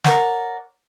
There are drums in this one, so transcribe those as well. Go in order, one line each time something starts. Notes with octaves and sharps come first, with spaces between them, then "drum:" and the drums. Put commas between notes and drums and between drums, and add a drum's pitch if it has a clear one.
A#4 C#5 D5 F#5, drum: snare